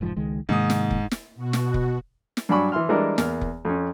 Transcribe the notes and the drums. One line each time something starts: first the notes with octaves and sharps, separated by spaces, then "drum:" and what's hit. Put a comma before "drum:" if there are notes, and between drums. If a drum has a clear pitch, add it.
F1 G#2 F3
C#2 D#3 G#3
G#2 C3 D#3 A#3 D#6
drum: snare
drum: kick F1
drum: snare
B2 F#4
drum: snare
drum: kick F1
drum: snare
G2 F#3 D4 G#5 B5 C#6
E3 E5 C6 F6
E3 G3 G#3 D4 A#4 D#5
E2 A#3 F6, drum: snare
drum: kick F1
F2 C#4